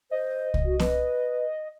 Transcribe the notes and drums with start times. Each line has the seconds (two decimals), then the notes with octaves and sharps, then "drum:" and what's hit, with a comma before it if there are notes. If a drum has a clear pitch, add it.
0.11 C5 D#5
0.54 drum: kick C2
0.65 F#4
0.79 B4, drum: snare B3